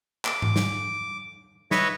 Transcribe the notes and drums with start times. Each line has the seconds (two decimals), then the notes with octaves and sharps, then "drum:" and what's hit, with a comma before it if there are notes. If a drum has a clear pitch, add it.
0.25 D6, drum: clap
0.42 drum: tom G#2
0.56 drum: snare
1.71 B4 C#5 D#5 E5 C#6, drum: snare